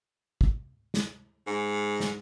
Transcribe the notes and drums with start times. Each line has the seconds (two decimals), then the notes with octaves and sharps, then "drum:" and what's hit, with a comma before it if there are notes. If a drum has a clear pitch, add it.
0.41 drum: kick
0.94 drum: snare
1.47 G#2
2.00 drum: snare